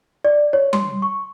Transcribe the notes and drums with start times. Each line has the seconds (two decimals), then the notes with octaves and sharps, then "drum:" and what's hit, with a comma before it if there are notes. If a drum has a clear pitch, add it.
0.25 D5
0.53 C#5
0.73 C6, drum: tom G3
1.02 C#6